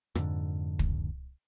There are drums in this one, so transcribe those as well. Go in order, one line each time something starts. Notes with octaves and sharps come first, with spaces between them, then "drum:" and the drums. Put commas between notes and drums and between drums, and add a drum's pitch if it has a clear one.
F2 G#2 D3, drum: rim click
drum: kick